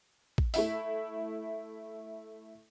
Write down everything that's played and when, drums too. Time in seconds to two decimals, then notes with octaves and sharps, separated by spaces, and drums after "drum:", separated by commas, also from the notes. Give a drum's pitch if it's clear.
0.38 drum: kick A1
0.54 A3 E4 E5, drum: open hi-hat